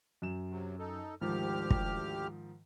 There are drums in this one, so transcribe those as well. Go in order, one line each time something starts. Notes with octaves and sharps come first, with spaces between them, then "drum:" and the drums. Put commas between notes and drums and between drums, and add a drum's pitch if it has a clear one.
F#2 E7
C3 F#3
D#4 A4
D2 G#2 D#3 F3 G4 F6
drum: kick